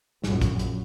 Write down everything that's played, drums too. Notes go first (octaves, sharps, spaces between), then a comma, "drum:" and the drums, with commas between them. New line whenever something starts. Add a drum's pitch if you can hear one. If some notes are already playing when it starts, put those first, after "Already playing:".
A#1 F#2, drum: snare
drum: kick, hi-hat
drum: hi-hat